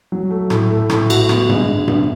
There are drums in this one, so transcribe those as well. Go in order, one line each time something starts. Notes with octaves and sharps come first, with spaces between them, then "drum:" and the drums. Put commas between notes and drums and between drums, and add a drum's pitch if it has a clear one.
F#3
A3
A2, drum: rim click
A3
A2, drum: rim click
F#4, drum: cymbal
B3, drum: rim click
G#3, drum: tom G2
D3
B3, drum: tom G2